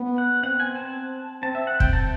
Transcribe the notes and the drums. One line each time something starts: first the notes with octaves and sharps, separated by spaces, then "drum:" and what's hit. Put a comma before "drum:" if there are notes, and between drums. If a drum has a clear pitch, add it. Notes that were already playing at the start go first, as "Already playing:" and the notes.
Already playing: B3
F#5
C4 F#5
G#5
A5
C4 A5
E5
F#5
G5, drum: kick
A5